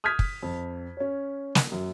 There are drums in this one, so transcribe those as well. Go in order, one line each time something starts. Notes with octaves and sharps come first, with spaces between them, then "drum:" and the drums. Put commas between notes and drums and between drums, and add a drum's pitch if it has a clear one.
D#6 F6 G6 G#6 B6
drum: kick
F2
C#4 C#5
drum: snare
F#2